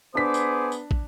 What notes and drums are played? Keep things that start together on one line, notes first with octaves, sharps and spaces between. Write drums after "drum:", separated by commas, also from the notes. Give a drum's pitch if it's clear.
B3 D4 G#4 C5 D6 B6
drum: tambourine
drum: tambourine
drum: kick